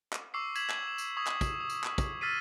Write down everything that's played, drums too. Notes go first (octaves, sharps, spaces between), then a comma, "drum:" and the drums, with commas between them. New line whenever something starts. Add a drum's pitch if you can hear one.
drum: clap
C#6 D6 E6 C7
G#6 B6 E7 F#7, drum: tambourine
drum: clap
E7
drum: tambourine
C#6 D#6 G#6
drum: clap
drum: kick, tambourine
D#6
drum: tambourine
drum: clap
drum: kick, tambourine
E6 F6 A6 B6 C7 D#7